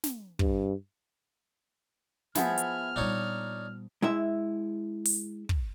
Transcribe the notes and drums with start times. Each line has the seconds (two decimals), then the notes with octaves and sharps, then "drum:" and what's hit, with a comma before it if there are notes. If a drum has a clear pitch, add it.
0.04 drum: snare
0.39 G2, drum: kick
2.35 F3 B3 E4 G#4 F6, drum: snare
2.58 drum: hi-hat
2.96 A#2 G3 D4 D#4 C#5
4.02 G#3 E4 E5
5.05 drum: open hi-hat
5.49 drum: kick